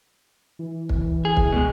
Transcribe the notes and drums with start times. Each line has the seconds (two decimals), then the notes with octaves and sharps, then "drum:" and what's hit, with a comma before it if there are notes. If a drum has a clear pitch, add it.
0.59 E3
0.89 drum: kick
1.25 G#4
1.37 drum: kick
1.52 B2 G#3